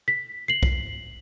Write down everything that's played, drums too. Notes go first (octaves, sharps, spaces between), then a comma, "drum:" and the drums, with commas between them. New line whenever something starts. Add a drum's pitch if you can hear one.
B6
C7 F#7
drum: kick